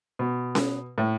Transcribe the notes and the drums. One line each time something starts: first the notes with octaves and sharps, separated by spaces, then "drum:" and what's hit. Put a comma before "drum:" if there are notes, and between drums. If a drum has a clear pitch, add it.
B2
drum: snare C#4
A2